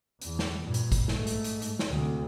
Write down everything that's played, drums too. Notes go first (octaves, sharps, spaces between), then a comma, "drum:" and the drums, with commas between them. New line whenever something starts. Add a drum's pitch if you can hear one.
E2, drum: hi-hat
drum: snare
G2 A#2
drum: hi-hat
drum: kick, hi-hat
G#2 A3, drum: snare
drum: hi-hat
drum: hi-hat
drum: hi-hat
drum: snare
D2 C3